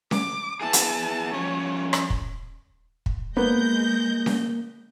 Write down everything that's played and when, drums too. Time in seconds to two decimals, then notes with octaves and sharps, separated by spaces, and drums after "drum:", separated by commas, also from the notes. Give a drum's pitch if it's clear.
0.11 D6, drum: snare C#4
0.61 B3 E4 G#4 A5
0.73 drum: hi-hat
1.33 F3 G3 C#4 C#5
1.93 drum: rim click
2.10 drum: kick
3.06 drum: kick
3.37 G#3 A#3 B3 G6 A#6
4.26 drum: snare C#4